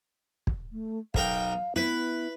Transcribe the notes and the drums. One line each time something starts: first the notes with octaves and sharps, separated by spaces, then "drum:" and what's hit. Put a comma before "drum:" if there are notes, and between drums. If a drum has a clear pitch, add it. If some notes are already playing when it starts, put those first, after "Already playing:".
drum: kick
A3
B1 A#4 F5 G5, drum: kick
B3 E4 B4